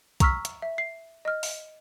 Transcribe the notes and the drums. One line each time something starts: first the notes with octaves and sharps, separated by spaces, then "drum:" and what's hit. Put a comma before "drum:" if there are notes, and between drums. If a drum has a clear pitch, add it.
A#5 C#6 E6 F6 B6, drum: kick, hi-hat
drum: hi-hat
E5
C7
D#5 F6
drum: open hi-hat